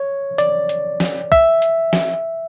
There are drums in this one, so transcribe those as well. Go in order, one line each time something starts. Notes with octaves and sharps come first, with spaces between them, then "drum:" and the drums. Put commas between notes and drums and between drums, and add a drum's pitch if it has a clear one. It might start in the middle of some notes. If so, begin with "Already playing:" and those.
Already playing: C#5
D5, drum: hi-hat
drum: hi-hat
drum: snare
E5, drum: kick, hi-hat
drum: hi-hat
drum: snare